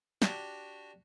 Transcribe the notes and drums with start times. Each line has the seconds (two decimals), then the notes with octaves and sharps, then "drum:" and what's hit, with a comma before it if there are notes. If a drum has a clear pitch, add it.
0.22 D4 F#4 G4, drum: snare